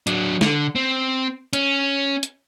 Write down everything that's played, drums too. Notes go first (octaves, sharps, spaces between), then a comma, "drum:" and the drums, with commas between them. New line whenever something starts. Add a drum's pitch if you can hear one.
F#3 D4, drum: hi-hat
D3, drum: snare
C4
C#4, drum: hi-hat
drum: hi-hat